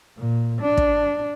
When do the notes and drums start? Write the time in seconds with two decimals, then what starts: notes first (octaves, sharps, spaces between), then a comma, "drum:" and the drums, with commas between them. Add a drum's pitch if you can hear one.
0.18 A#2
0.62 D4
0.77 drum: kick